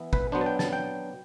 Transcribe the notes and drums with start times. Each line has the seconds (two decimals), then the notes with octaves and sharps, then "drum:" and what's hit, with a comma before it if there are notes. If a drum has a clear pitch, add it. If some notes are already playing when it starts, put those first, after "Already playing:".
Already playing: E3 B3 E4
0.13 B4, drum: kick
0.32 F#3 B3 D4 C5
0.41 A5
0.46 G5
0.59 A5, drum: snare
0.73 G5